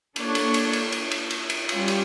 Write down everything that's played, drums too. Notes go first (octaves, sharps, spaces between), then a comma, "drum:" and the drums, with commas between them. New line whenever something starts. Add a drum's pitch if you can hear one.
A#3 D4 A4 C#5, drum: cymbal
drum: cymbal
drum: cymbal
drum: cymbal
drum: cymbal
drum: cymbal
drum: cymbal
drum: cymbal
G3 C#4 F4, drum: cymbal
drum: cymbal